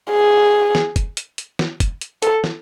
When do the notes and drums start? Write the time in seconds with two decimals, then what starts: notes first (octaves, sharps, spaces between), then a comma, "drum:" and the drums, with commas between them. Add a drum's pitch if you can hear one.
0.11 G#4
0.75 drum: snare
0.96 drum: kick, hi-hat
1.17 drum: hi-hat
1.38 drum: hi-hat
1.59 drum: snare
1.80 drum: kick, hi-hat
2.01 drum: hi-hat
2.22 A4, drum: hi-hat
2.44 drum: snare